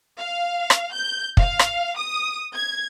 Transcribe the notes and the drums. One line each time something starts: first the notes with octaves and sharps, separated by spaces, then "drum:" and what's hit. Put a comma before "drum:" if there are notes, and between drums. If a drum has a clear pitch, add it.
F5
drum: rim click
G6
F5, drum: kick
drum: rim click
D#6
G#6